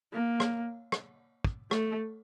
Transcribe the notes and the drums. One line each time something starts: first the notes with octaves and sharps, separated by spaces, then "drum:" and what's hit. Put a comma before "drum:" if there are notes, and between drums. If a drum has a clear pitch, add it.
A#3
drum: rim click
drum: rim click
drum: kick
A3, drum: rim click